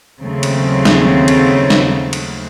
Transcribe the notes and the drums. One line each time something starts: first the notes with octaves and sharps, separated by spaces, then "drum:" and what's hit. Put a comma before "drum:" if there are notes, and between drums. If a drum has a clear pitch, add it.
D#2 C#3 F#3 A3 C4
drum: cymbal
drum: snare
drum: cymbal
drum: snare
drum: cymbal